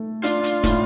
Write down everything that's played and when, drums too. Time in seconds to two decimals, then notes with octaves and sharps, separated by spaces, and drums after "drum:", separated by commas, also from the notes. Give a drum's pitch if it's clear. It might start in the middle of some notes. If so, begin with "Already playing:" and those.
Already playing: A3 A4
0.23 D4 F4, drum: hi-hat
0.44 drum: hi-hat
0.64 A2, drum: kick, hi-hat